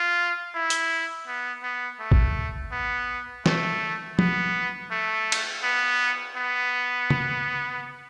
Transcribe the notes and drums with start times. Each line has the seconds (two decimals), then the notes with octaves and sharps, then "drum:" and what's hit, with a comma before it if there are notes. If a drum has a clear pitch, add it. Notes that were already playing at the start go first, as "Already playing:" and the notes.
Already playing: F4
0.55 E4
0.70 drum: hi-hat
1.28 B3
1.63 B3
2.00 A3
2.12 drum: kick
2.72 B3
3.46 A3, drum: snare
4.19 B3, drum: tom
4.91 A3
5.32 drum: cymbal
5.64 B3
6.37 B3
7.10 drum: tom